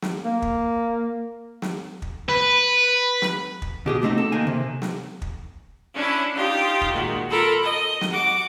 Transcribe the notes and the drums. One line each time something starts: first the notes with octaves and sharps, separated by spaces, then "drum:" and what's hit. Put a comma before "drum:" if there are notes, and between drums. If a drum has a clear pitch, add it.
drum: snare
A#3
drum: kick
drum: snare
drum: kick
B4
drum: snare
drum: kick
B2 G4 G#4
C3 A3 C4 D#4 F#4
A4
D#2 D#3 A#3 G#5
C3
drum: snare
drum: kick
C#4 D4 E4
D#4 F4 G4
drum: kick
A#2 D#3 G#3 F#4
F4 A4 A#4 B5
D#5
drum: snare
F#4 D6